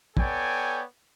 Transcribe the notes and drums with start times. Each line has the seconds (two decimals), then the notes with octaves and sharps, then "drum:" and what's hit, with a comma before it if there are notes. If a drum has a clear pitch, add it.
0.17 B3 A4 C#5 D5 G5 G#5, drum: kick